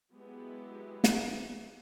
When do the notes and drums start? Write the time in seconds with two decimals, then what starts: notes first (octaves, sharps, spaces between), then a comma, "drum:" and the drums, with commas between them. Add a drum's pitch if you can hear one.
0.13 F#3 G#3 B3 E4 G4
1.04 drum: snare